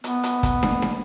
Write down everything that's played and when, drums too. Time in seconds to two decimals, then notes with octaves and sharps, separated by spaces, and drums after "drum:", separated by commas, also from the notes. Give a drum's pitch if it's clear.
0.04 B3, drum: hi-hat
0.23 drum: hi-hat
0.43 drum: kick, hi-hat
0.63 drum: snare
0.82 drum: snare